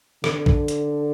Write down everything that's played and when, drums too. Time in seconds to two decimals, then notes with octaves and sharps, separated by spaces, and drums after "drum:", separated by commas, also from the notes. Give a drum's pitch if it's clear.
0.24 D3, drum: rim click
0.46 drum: kick
0.68 drum: hi-hat